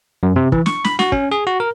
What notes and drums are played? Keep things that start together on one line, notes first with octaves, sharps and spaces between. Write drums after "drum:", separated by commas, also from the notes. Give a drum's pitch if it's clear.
F#2
C3
E3, drum: kick
C#6, drum: snare
B5, drum: snare
F#4, drum: snare
C#4, drum: kick
G#4
F#4
A#4